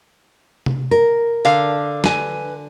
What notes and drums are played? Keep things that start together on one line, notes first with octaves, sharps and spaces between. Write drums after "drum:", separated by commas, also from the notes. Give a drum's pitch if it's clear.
drum: tom C3
A#4
D3 F5, drum: open hi-hat
B4 G#5, drum: snare